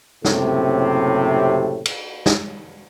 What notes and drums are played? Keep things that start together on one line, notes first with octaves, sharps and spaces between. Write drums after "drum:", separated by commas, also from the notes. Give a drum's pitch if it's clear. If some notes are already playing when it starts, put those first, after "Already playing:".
F#1 A2 C3, drum: snare
drum: cymbal
drum: snare